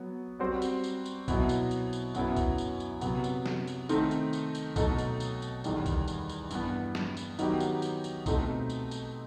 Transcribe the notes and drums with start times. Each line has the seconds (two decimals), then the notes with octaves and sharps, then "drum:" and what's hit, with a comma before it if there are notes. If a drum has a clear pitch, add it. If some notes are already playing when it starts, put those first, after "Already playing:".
Already playing: F#3 B3
0.39 G3 C4 F#4 C5
0.62 drum: tambourine
0.84 drum: tambourine
1.05 drum: tambourine
1.28 B2 F#3 B3 E4, drum: kick B1, tambourine
1.49 drum: tambourine
1.71 drum: tambourine
1.93 drum: tambourine
2.15 F#2 F#3 B3 E4, drum: tambourine
2.36 drum: kick B1, tambourine
2.58 drum: tambourine
2.80 drum: tambourine
3.01 C3 F#3 B3, drum: tambourine
3.24 drum: tambourine
3.46 drum: snare
3.67 drum: tambourine
3.89 D#3 A3 C4 D#4, drum: tambourine
4.11 drum: tambourine
4.33 drum: tambourine
4.55 drum: tambourine
4.76 B2 F#3 A3 D#4 A4, drum: kick B1, tambourine
4.98 drum: tambourine
5.20 drum: tambourine
5.42 drum: tambourine
5.64 E2 D#3 G3, drum: tambourine
5.86 drum: kick B1, tambourine
6.08 drum: tambourine
6.29 drum: tambourine
6.51 G2 E3 B3, drum: tambourine
6.95 drum: snare
7.17 drum: tambourine
7.39 D#3 F#3 B3 D#4 G4, drum: tambourine
7.60 drum: tambourine
7.82 drum: tambourine
8.04 drum: tambourine
8.26 B2 A3 C4 D#4, drum: kick B1, tambourine
8.70 drum: tambourine
8.91 drum: tambourine